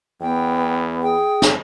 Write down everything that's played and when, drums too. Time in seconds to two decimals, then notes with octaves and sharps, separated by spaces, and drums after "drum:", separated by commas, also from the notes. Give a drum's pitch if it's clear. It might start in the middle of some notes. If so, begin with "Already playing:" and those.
0.21 E2 B3 G5
1.03 G#4 G5
1.42 drum: snare